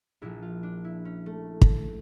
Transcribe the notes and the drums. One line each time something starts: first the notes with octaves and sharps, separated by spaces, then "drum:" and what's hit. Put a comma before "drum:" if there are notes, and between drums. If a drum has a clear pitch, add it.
A#1 A#2 F3 E4
F4
D4
E4
C#4
A3
drum: kick